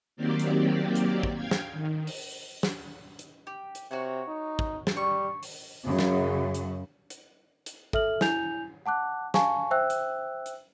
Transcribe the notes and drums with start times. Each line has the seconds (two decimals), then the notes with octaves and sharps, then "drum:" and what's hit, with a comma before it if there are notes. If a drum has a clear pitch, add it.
0.16 D#3 F#3 A#3 C4 G4 D5
0.40 drum: hi-hat
0.95 drum: hi-hat
1.23 drum: kick
1.35 F5 G5 G#6
1.51 drum: snare
1.73 D#3
2.07 drum: open hi-hat
2.63 drum: snare
3.19 drum: hi-hat
3.47 G4
3.75 drum: hi-hat
3.91 C3 F#4 C#5 F#5
4.28 D#4
4.59 drum: kick
4.87 drum: snare
4.97 G3 C#6
5.43 drum: open hi-hat
5.84 F#2 C#3
5.99 drum: snare
6.55 drum: hi-hat
7.10 drum: hi-hat
7.66 drum: hi-hat
7.93 A4 E5 F6 F#7, drum: kick
8.21 E4 G#5 G6 F7, drum: snare
8.86 F#5 A5 D6 F#6
9.34 F5 G#5 A5 C#6, drum: snare
9.71 C5 E5 G5 E6 F#6
9.90 drum: hi-hat
10.46 drum: hi-hat